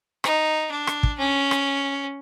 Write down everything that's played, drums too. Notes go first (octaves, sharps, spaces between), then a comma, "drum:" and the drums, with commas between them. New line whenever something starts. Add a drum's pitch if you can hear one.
D#4, drum: rim click
D4
drum: rim click
drum: kick
C#4
drum: rim click